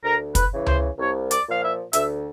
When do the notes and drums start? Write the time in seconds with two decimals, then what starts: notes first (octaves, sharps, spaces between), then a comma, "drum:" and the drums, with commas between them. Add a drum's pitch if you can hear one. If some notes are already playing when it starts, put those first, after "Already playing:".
0.03 D2 A#4
0.35 B4, drum: kick, hi-hat
0.51 C#3 E3
0.66 C5, drum: tom C#2
0.98 C2 C#5
1.31 D5, drum: hi-hat
1.46 A#2 F3 F5
1.62 E5
1.93 D2 E5, drum: hi-hat